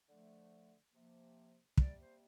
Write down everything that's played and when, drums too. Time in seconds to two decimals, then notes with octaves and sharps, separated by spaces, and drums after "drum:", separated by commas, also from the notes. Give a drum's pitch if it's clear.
0.07 D3 F3 A3
0.92 C3 F3 A#3
1.78 C3 G3 A#3 D5, drum: kick
1.99 C5